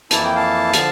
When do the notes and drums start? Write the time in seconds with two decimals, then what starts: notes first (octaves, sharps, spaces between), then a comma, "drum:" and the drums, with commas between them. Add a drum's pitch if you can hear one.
0.11 F2 E3 A#3 E4 A5, drum: hi-hat
0.24 G5
0.35 F5 A5
0.73 D3 F3, drum: hi-hat